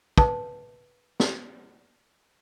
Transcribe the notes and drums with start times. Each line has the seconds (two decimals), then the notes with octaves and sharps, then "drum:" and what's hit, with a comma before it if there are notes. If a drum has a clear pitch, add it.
0.18 B4 A5, drum: kick
1.20 drum: snare